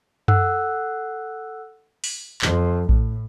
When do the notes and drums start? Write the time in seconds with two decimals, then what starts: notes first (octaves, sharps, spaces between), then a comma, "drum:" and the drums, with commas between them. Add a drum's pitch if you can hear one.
0.28 A4 F#5 E6 F#6, drum: tom F#2
2.04 drum: open hi-hat
2.42 F2, drum: clap
2.89 A2, drum: kick A1